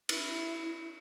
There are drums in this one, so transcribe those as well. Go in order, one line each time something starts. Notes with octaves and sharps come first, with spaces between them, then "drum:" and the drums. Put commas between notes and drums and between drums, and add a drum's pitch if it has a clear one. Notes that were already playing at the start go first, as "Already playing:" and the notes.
E4, drum: cymbal